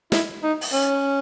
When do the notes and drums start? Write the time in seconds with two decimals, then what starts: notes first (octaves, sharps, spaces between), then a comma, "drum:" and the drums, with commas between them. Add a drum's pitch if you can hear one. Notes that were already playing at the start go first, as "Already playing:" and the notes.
0.12 E4, drum: snare
0.43 D#4
0.61 drum: open hi-hat
0.73 C#4